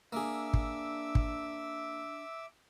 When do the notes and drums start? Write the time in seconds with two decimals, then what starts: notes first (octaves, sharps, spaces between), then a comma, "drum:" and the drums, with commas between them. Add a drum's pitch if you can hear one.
0.12 A#3 D4 G#4 E5 D6 E6
0.54 drum: kick
1.15 drum: kick